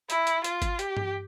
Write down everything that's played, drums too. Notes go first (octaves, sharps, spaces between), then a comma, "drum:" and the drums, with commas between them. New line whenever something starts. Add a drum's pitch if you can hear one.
E4, drum: hi-hat
drum: hi-hat
F4, drum: hi-hat
drum: kick G1, hi-hat
G4, drum: hi-hat
drum: tom G2